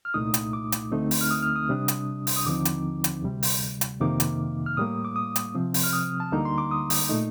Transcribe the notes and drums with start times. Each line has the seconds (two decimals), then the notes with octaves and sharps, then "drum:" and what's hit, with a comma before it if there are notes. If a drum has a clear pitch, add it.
0.05 F6
0.14 C2 A#2 A3 D#4 D#6
0.34 drum: hi-hat
0.53 D6
0.72 drum: hi-hat
0.92 D2 D3 A3 C4 D#4
1.11 drum: open hi-hat
1.21 F6
1.31 D#6
1.43 F6
1.56 D#6
1.69 C3 G3 D4
1.88 drum: hi-hat
2.27 drum: open hi-hat
2.36 D#6
2.45 D#2 D3 F3 C4 D#4 D6
2.65 drum: hi-hat
3.04 drum: hi-hat
3.23 D2 C3 G3
3.43 drum: open hi-hat
3.81 drum: hi-hat
4.00 F2 C3 D#3 A#3 D#4 D6
4.20 drum: hi-hat
4.66 F6
4.77 A2 G3 A#3 D#6
5.05 D6
5.16 D#6
5.36 drum: hi-hat
5.55 C3 F3 C4
5.74 drum: open hi-hat
5.84 F6
5.93 D#6
6.20 A5
6.32 D2 D3 G3 A#3 D#4 A#5
6.45 C6
6.58 D6
6.71 D#6
6.90 drum: open hi-hat
7.09 A#2 A3 D#4